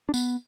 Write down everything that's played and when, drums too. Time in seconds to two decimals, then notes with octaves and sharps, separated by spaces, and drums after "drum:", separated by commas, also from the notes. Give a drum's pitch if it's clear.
0.09 D4
0.14 B3, drum: tambourine